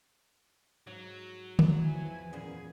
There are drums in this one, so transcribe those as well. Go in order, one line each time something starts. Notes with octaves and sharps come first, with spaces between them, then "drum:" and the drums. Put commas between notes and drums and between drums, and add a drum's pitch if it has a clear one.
G#2 F#3
drum: tom
E2 F3 E4 B4 G#5
F#2 A#2 G#4